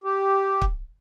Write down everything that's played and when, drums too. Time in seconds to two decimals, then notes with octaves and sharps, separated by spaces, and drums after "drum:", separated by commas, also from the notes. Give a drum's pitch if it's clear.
0.04 G4
0.62 drum: kick